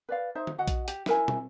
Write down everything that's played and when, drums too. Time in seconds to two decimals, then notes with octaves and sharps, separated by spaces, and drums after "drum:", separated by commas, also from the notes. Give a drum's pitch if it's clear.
0.09 B4 D5 F5
0.35 D#4 C5 E5
0.47 drum: tom D3
0.58 F#4 D#5 F#5
0.68 drum: kick A#1, hi-hat
0.88 G4, drum: hi-hat
1.06 E4 A#4 G#5, drum: snare
1.28 drum: tom